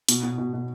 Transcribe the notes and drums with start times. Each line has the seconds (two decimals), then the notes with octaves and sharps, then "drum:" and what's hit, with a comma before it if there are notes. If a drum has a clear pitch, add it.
0.09 B2, drum: hi-hat
0.23 B2
0.38 B2
0.53 B2